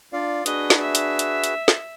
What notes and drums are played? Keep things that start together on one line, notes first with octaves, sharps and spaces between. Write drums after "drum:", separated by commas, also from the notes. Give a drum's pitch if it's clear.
D4 F4 D5 F5
D4 F#4 G#4 B4 D#5, drum: hi-hat
drum: snare
E5
drum: hi-hat
drum: hi-hat
drum: hi-hat
drum: snare